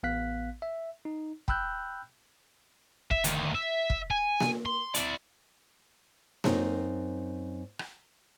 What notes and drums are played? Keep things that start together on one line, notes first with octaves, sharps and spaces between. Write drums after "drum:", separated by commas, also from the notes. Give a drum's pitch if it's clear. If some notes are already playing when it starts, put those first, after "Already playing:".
A1 B3 F5 F#6 B6
E5
D#4
G5 B5 E6 F#6 G6, drum: kick
E5, drum: kick
D2 D#3, drum: hi-hat
E5
drum: kick
G#5
drum: snare A#3
C6
E4 D5, drum: hi-hat
F#2 C4 D#4, drum: snare A#3
drum: rim click